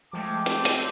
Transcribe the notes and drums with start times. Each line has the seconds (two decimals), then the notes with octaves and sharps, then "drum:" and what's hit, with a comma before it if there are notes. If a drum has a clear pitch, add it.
0.13 F3 G#3 A3 G5 A5 D6
0.46 C4 G4, drum: hi-hat
0.65 drum: hi-hat